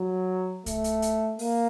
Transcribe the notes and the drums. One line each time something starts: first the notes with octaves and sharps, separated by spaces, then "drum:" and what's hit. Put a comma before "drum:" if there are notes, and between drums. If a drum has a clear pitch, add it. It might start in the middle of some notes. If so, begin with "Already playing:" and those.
Already playing: F#3
A3, drum: kick C2, hi-hat
drum: hi-hat
drum: hi-hat
A#3, drum: open hi-hat